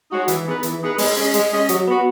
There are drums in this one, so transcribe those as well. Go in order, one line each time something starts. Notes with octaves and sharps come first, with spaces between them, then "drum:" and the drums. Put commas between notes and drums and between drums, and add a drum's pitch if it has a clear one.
G#3 D#4 F#4 C#5
E3, drum: hi-hat
B3 D#4 G#4 B4
E3, drum: hi-hat
B3 D#4 G#4 B4
G#3, drum: open hi-hat
C#4 G#4 D#5
G#3, drum: hi-hat
C#4 G#4 D#5
F#3, drum: hi-hat
B3 F#4